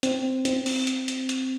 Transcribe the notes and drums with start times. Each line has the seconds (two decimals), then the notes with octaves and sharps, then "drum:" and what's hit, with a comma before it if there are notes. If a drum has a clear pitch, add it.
0.03 C4, drum: hi-hat
0.45 C4, drum: hi-hat
0.66 drum: open hi-hat
0.87 drum: hi-hat
1.08 drum: hi-hat
1.29 drum: hi-hat